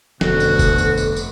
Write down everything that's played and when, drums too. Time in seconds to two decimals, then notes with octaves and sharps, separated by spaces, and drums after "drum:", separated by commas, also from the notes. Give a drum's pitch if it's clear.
0.21 F1 D2 B2 F#4 A4, drum: snare
0.40 drum: tambourine
0.59 drum: kick F1, tambourine
0.78 drum: tambourine
0.97 drum: tambourine
1.16 drum: tambourine